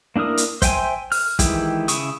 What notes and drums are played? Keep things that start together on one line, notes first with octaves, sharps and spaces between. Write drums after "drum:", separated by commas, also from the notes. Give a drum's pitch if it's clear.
A#3 D4 E4 A#4 D#6
drum: hi-hat
C5 E5 G5 G#5 C6, drum: kick, hi-hat
F6, drum: open hi-hat
D#3 E3 G#3 E4 G4, drum: kick, hi-hat
C#3 E4 C#6 D#6, drum: hi-hat